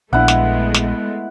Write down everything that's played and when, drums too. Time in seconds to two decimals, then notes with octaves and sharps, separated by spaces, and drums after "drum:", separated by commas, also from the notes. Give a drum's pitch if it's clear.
0.13 A#1 G#3 A3 B3 D4 E4 F#5
0.28 drum: snare
0.74 drum: snare